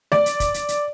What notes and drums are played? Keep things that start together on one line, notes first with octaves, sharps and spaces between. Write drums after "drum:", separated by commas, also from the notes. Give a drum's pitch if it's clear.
D5, drum: snare A3
drum: hi-hat
drum: kick, hi-hat
drum: hi-hat
drum: hi-hat